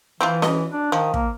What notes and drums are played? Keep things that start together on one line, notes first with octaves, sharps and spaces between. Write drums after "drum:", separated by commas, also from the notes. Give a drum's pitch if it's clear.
E3 C4 E4 F4
C#4 F#4 D#5, drum: snare C#4
D4
D#3 F3
A#3, drum: kick